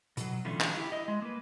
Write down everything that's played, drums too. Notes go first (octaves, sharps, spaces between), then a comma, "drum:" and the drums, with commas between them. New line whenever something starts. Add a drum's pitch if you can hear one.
B2 F#3, drum: hi-hat
D3 E3 G3 A3 C#4 F4
drum: clap
E4 G4
E4 D#5
G#3
A#3 B4